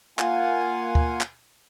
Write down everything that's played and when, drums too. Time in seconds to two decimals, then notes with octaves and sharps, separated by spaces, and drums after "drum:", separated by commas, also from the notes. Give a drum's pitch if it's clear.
0.19 A#3 F4 F5 F#5 G#5, drum: clap
0.95 drum: kick
1.21 drum: clap